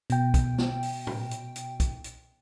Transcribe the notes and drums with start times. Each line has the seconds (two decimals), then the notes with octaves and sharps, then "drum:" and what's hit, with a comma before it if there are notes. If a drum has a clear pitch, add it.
0.10 B2 G5, drum: hi-hat
0.34 drum: kick, hi-hat
0.58 drum: snare
0.83 drum: open hi-hat
1.07 drum: tom A2
1.31 drum: hi-hat
1.56 drum: hi-hat
1.80 drum: kick, hi-hat
2.04 drum: hi-hat